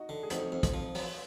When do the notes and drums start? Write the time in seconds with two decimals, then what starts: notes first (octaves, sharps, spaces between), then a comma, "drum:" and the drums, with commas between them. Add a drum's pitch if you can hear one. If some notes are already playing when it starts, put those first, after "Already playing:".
Already playing: D#4 F#4
0.09 D3
0.23 G#4
0.30 F2 D#4 F#4, drum: hi-hat
0.52 F2
0.63 drum: kick, hi-hat
0.74 F3
0.95 F#3, drum: open hi-hat